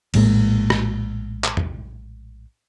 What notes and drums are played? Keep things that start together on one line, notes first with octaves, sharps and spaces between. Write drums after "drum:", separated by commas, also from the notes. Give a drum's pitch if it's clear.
A#1 A2 G#3 A#3, drum: cymbal
drum: rim click
drum: clap
drum: tom